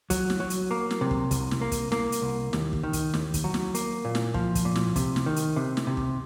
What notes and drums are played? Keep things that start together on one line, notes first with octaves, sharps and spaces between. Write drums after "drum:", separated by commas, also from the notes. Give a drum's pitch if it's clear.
F#3, drum: kick, hi-hat
drum: snare
F#3
drum: hi-hat
A#3
drum: snare
C3
drum: kick
C2, drum: kick, hi-hat
drum: snare
A#3
drum: kick, hi-hat
A#3, drum: snare
drum: hi-hat
C2
D#2, drum: snare
drum: kick
D#3
drum: kick, hi-hat
D#2, drum: snare
drum: kick, hi-hat
F#3
drum: snare
A#3, drum: hi-hat
A#2
drum: snare
F3, drum: kick
drum: kick, hi-hat
A#2
drum: snare
C3, drum: kick, hi-hat
drum: snare
D#3
drum: hi-hat
C3
drum: snare
C3
drum: kick